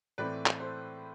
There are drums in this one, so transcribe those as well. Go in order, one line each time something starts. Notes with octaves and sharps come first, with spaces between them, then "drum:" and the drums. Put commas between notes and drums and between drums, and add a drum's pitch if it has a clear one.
A2 E3 A3 C4 B4 D5
drum: clap
A4 C5